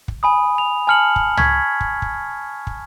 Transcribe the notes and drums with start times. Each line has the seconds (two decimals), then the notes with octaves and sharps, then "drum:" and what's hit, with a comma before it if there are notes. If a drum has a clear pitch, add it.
0.08 drum: kick
0.23 G#5 B5 D#6
0.58 F7
0.87 G#5 A5 F6 C#7 F#7
1.16 drum: kick
1.37 C#6 G#6 B6, drum: tom
1.81 drum: kick
2.02 drum: kick
2.67 drum: kick